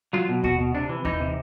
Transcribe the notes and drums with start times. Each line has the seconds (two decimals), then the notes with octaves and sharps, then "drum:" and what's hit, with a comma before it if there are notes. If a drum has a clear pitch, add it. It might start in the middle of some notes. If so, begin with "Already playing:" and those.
0.13 F#3 F4
0.29 B2
0.44 B2 F#4, drum: kick D#2
0.59 B2
0.75 C3 D4
0.89 E3
1.05 E3 D#4, drum: kick D#2
1.20 C3